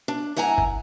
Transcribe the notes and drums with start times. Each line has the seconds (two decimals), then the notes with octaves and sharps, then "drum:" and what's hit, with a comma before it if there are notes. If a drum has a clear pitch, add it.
0.08 D4
0.36 G#2 E4 F#5 G#5 A#5
0.58 drum: kick